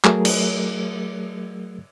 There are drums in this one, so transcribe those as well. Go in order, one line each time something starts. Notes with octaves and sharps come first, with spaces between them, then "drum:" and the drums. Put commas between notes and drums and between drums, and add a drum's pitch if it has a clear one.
F#3 A3 G#4 A#4, drum: clap
drum: cymbal